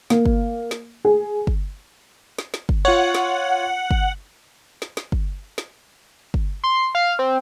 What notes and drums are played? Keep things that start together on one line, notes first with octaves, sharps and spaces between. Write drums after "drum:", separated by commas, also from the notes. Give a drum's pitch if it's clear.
A#3, drum: snare
drum: kick G1
drum: snare
G#4
drum: kick G1
drum: snare
drum: snare
drum: kick G1
F4 C#5 F#5
drum: snare
drum: kick G1
drum: snare
drum: snare
drum: kick G1
drum: snare
drum: kick G1
C6
F5
C4